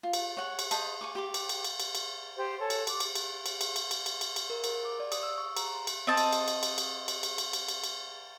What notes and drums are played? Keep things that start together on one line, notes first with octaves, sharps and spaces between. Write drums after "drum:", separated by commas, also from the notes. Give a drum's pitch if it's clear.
F4
drum: cymbal
C#5 F#5 G#5
drum: cymbal
C5 D#5 A5 B5, drum: cymbal
G#5 C#6 D6
G4 C6 D6
drum: cymbal
drum: cymbal
drum: cymbal
drum: cymbal
drum: cymbal
G4 C5 C6
A4 C#5 G#5 A5
drum: cymbal
D6, drum: cymbal
drum: cymbal
drum: cymbal
drum: cymbal
drum: cymbal
drum: cymbal
drum: cymbal
drum: cymbal
drum: cymbal
drum: cymbal
A#4
A#4, drum: cymbal
D6
D5
D#6, drum: cymbal
E6
C#6
A#5, drum: cymbal
C6
drum: cymbal
C4 D#5 A5
drum: cymbal
drum: cymbal
drum: cymbal
drum: cymbal
drum: cymbal
drum: cymbal
drum: cymbal
drum: cymbal
drum: cymbal
drum: cymbal
drum: cymbal